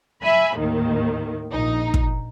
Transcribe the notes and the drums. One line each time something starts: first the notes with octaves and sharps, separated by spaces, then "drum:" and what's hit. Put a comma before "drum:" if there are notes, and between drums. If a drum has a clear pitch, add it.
E5 G#5 B5
D#2 A2 D#3
A#1 D#4
drum: kick